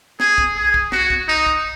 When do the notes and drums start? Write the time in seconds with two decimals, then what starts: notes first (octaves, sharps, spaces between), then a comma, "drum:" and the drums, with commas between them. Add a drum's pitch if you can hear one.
0.20 G#4, drum: snare
0.38 drum: kick
0.56 G#4
0.74 drum: kick
0.92 F#4, drum: snare
1.10 drum: kick
1.28 D#4
1.46 drum: kick